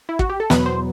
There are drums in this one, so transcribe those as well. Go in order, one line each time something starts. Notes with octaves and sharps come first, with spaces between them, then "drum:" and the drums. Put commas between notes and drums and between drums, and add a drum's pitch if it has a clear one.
E4
F#4, drum: kick
G4
A4
E2 B2 F#3 B3 B4, drum: snare
C5